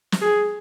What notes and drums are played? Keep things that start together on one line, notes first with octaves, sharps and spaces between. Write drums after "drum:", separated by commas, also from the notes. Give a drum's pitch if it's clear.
drum: snare
G#4